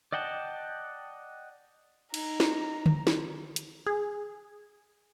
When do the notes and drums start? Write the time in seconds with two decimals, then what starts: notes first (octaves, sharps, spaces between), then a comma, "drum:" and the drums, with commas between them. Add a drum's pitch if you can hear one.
0.12 D5 D#5 F#5 G5 A5
2.14 D#4 A#5, drum: cymbal
2.40 drum: snare
2.86 drum: tom
3.07 drum: snare
3.56 drum: hi-hat
3.86 G#4